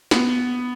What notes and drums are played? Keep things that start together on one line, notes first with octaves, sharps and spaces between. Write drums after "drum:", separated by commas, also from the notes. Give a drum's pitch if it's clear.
B3, drum: snare